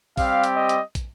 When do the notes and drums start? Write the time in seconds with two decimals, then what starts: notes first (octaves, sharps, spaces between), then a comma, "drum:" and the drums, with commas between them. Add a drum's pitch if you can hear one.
0.17 G3 C4 G4 F5, drum: kick, open hi-hat
0.44 drum: hi-hat
0.57 D#5
0.69 drum: hi-hat
0.95 drum: kick, hi-hat